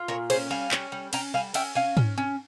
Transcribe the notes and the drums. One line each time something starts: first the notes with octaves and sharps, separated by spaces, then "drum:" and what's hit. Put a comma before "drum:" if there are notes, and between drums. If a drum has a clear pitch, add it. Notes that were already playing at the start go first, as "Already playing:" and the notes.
Already playing: F4
A#2 A#4 C#5
C#4 G#4 C5, drum: cymbal
G3 F5 G#5
C#4, drum: clap
G3
C#4 G5 A#5, drum: cymbal
G3 F5 G#5
C#4 E5 G5, drum: cymbal
C#4 F5 G#5
C#4, drum: tom G#2
C#4